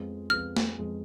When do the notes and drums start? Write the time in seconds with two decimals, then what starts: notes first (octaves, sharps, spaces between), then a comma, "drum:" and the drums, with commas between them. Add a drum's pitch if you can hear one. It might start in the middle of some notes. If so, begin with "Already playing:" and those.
Already playing: F2 F3 G#3 B3
0.30 F2 F3 G#3 B3 F6
0.57 drum: snare
0.78 F2 F3 G#3 B3